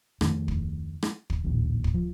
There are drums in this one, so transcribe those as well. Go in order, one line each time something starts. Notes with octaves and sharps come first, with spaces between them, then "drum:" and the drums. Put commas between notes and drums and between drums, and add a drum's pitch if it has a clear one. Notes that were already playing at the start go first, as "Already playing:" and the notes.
F2 D#3 A3, drum: rim click
drum: kick
drum: rim click
drum: kick
D1 A#1 D#2
drum: kick
F3